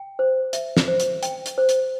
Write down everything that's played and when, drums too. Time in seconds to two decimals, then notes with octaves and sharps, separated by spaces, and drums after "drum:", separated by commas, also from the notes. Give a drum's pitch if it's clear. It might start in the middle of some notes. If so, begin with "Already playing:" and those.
Already playing: G5
0.19 C5
0.53 E5, drum: hi-hat
0.77 drum: snare
0.88 C5
1.00 drum: hi-hat
1.23 G5, drum: hi-hat
1.46 drum: hi-hat
1.58 C5
1.69 drum: hi-hat